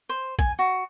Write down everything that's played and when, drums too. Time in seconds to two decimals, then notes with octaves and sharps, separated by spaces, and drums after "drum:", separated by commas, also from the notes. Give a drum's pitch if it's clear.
0.09 C5
0.39 G#5, drum: kick
0.59 F#4